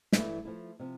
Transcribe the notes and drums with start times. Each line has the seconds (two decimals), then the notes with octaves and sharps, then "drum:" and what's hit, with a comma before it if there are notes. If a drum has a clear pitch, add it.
0.13 G2 E3 A3 E4, drum: snare
0.45 F3 A3 E4
0.79 C3 F3